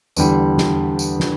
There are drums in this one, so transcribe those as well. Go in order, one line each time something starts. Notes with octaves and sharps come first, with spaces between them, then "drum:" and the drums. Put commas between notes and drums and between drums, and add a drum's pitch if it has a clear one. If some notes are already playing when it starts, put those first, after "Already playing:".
E2 D3 G3, drum: tambourine
drum: snare
drum: tambourine
drum: snare